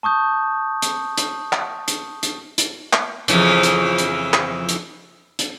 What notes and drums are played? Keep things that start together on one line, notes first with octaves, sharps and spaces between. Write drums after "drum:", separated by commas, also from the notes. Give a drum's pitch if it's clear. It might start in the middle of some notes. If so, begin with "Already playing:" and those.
A5 C#6 D#6 G6
drum: hi-hat
drum: hi-hat
drum: clap
drum: hi-hat
drum: hi-hat
drum: hi-hat
drum: clap
F2 C#3 E3, drum: hi-hat
drum: hi-hat
drum: hi-hat
drum: clap
drum: hi-hat
drum: hi-hat